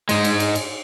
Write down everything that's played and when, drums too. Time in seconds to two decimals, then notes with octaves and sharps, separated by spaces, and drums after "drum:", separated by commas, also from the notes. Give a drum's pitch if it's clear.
0.09 G#2 G#3, drum: cymbal
0.24 drum: cymbal
0.40 drum: cymbal
0.55 drum: cymbal